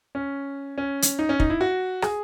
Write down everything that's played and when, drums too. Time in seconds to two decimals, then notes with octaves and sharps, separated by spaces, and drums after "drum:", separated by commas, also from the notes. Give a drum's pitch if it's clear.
0.15 C#4
0.78 C#4
1.02 drum: hi-hat
1.19 D#4
1.29 C#4
1.40 D#4, drum: kick
1.50 E4
1.61 F#4
2.02 G#4, drum: rim click